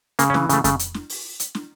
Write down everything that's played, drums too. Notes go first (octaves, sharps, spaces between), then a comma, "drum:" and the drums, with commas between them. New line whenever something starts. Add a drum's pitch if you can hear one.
C#3 A#3, drum: hi-hat
C#4
E3, drum: snare
C#3 A3, drum: hi-hat
C#3 A3, drum: kick F2, hi-hat
drum: hi-hat
drum: snare
drum: open hi-hat
drum: hi-hat
drum: snare